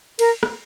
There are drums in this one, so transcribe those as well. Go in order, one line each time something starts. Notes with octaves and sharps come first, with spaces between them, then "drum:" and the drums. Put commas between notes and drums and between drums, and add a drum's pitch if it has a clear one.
A#4, drum: cymbal
drum: rim click